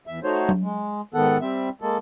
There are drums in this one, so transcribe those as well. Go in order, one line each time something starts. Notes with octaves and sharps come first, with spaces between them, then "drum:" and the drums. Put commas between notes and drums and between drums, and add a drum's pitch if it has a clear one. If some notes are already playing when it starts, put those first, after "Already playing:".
E2 E5
A3 D#4 F#4 C5 C#5
drum: tom F#3
G#3
G#2 D#3 B3 A4 F#5
G3 C4 E5
G#3 A#3 A4